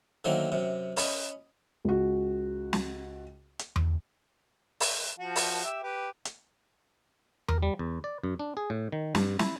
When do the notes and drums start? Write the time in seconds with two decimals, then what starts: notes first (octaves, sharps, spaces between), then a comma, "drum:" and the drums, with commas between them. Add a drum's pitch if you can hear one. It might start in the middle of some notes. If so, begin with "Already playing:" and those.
0.25 D3 D#3 F#3 A3 A#3 C4
0.52 F#2 C3
0.97 C#4 D#5 B5, drum: open hi-hat
1.85 C#2 F#4
2.73 drum: snare
3.59 drum: hi-hat
3.76 drum: tom E2
4.80 drum: open hi-hat
5.19 F3 F#4 A5
5.36 drum: open hi-hat
5.64 G4 E5 E6
5.83 G4 B4
6.25 drum: hi-hat
7.48 A#4, drum: tom E2
7.63 G3
7.79 E2
8.04 D5
8.24 F#2
8.39 D4
8.57 G#4
8.70 A2
8.92 D#3
9.15 G2, drum: snare
9.39 E4, drum: snare